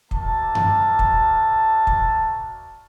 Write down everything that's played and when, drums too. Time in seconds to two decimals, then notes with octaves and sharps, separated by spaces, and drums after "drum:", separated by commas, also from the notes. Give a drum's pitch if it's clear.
0.11 A#3 D4 F#4 E5 A5, drum: kick
0.55 drum: tom F#2
0.99 drum: kick
1.87 drum: kick